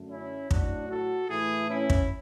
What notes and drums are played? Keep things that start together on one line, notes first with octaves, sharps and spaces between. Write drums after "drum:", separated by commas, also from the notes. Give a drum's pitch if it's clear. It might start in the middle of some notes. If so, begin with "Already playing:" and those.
Already playing: F#2 D3 A3
C#4 E4
A2 F#3 A3 D4 F#4, drum: kick
F#4 A4
A2 E3 A3 E4 G#4
C#4 E4
drum: kick